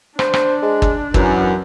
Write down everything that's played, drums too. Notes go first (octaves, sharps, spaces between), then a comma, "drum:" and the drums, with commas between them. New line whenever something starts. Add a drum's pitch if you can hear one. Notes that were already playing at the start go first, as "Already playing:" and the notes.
D4 C5, drum: rim click
drum: rim click
G#3
drum: kick
F#2 E3, drum: kick